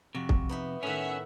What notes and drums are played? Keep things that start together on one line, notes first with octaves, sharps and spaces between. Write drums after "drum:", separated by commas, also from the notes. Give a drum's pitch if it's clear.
F2 C3 F#4
drum: kick
B3 D#4 E5
A2 D#3 C#4 E5 F#5